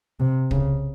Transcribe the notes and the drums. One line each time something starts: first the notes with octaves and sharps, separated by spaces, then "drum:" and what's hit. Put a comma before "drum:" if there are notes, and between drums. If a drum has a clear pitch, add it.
C3
C#3, drum: kick